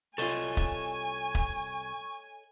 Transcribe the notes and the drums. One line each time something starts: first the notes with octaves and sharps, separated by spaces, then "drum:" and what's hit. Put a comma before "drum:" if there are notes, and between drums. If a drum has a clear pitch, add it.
C2 F4 A4 C#5 D#5 G#5 C#6
drum: kick
drum: kick